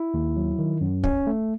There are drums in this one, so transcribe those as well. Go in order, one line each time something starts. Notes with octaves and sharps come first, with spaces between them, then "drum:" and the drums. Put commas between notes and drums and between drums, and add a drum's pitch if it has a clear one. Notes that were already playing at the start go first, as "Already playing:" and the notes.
Already playing: E4
D#2
F#3
D#3
F#2
C#4, drum: kick
A3